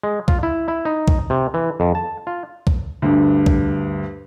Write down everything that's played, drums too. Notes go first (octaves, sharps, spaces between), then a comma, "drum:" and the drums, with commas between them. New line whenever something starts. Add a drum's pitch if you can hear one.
G#3
F4, drum: kick C2
E4
E4
D#4
drum: kick C2
C3
E3
F2
A5
F4
drum: kick C2
D2 G2
drum: kick C2